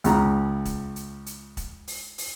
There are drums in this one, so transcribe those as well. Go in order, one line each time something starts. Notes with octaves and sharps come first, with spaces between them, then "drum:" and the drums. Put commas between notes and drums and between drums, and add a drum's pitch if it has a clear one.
C#2 C#3 A#5, drum: hi-hat
drum: kick, hi-hat
drum: hi-hat
drum: hi-hat
drum: kick, hi-hat
drum: open hi-hat
drum: open hi-hat